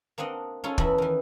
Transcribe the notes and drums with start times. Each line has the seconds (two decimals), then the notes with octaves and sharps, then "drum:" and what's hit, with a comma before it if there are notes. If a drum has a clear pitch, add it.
0.18 A#3 C4 D4 D#5 F#5
0.64 C#4 D#4 F4 G#4 A4 C#5
0.78 E2 E3 E4 A4 B5, drum: kick
0.98 D#3 E3